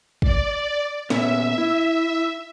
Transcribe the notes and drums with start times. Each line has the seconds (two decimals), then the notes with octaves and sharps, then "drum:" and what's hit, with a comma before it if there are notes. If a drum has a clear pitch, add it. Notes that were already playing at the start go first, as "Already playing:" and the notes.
0.22 D5, drum: kick
1.10 A#2 B3 C#4 E5, drum: snare
1.58 E4